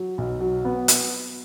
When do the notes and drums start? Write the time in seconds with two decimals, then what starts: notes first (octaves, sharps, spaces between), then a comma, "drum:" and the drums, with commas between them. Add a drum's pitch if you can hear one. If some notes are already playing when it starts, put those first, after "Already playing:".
Already playing: F#3
0.18 B1
0.40 F#3
0.65 B3
0.88 drum: hi-hat